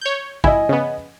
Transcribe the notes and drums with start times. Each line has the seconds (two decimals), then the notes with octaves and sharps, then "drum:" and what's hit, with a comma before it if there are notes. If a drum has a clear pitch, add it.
0.01 C#5 G6
0.44 E4 D#5 G#5, drum: kick
0.69 C#3 B3